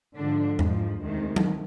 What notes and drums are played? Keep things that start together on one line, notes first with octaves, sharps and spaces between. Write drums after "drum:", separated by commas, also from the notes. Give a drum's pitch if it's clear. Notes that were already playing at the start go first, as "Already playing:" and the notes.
G#2 D3 F3 D4
G#2 F3, drum: tom E2
D2 C3 D#3 G#3
drum: tom F#3